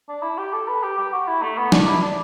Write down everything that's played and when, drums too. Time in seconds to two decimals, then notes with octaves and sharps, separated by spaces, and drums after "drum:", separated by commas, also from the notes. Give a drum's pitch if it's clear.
0.09 D4
0.23 E4
0.38 G4
0.53 A4
0.68 B4
0.83 G4
0.98 G4
1.13 F#4
1.27 E4
1.42 A3
1.58 B3
1.72 D4, drum: snare
1.87 E4
2.02 D4